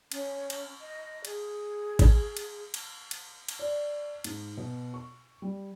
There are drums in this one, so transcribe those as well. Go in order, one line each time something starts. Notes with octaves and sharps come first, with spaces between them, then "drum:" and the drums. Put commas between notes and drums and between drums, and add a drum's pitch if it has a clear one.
C#4, drum: cymbal
drum: cymbal
D#5
G#4, drum: cymbal
drum: kick, cymbal
drum: cymbal
drum: cymbal
drum: cymbal
drum: cymbal
D5
G#2, drum: cymbal
B2
C#6
G3